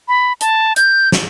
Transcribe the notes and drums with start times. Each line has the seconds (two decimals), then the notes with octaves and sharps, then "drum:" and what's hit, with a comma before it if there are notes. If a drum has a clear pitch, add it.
0.08 B5
0.41 A5, drum: hi-hat
0.76 G6, drum: hi-hat
1.12 drum: snare